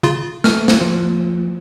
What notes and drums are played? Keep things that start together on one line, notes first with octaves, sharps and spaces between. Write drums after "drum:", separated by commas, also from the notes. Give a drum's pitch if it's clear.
C#3 F4
A3 F6, drum: snare
drum: snare
F3